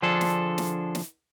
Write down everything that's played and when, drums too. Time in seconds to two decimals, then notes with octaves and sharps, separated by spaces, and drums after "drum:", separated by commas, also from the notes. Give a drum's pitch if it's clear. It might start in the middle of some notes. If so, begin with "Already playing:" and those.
0.02 D3 F3 D4 G#4 A4
0.21 drum: snare
0.58 drum: snare
0.95 drum: snare